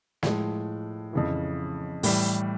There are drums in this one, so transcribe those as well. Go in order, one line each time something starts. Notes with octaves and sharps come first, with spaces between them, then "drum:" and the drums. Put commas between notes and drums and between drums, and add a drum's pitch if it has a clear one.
A2 F3 G#3, drum: snare
F2 C#3 E3
A2 E3 G3, drum: open hi-hat